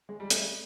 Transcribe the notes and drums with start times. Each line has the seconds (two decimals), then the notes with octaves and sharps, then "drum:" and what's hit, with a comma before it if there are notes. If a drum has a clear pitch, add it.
0.09 G#3
0.20 G3
0.30 A3, drum: hi-hat